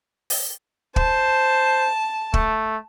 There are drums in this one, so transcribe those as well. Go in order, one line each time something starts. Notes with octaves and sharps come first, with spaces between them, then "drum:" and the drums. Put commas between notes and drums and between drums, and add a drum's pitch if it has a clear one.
drum: open hi-hat
C5 A5, drum: kick
A3, drum: kick